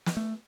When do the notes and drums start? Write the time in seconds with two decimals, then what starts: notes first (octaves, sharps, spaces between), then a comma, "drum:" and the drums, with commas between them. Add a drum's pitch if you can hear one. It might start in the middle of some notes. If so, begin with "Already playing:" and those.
0.06 drum: snare
0.17 A3